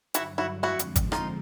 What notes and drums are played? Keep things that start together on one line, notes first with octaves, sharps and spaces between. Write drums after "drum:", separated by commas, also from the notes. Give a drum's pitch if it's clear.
G2 D3 F#3 E4 F#4, drum: hi-hat
E4 F#4
F2 D3 F3 G#3 C4 E4 F#4
drum: hi-hat
drum: kick G#1, hi-hat
D#4 F4, drum: rim click